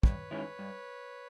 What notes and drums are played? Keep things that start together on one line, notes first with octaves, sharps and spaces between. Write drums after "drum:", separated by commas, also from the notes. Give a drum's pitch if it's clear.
G2 B4 C#5, drum: kick
D#3 G#3 C#4 E4
G2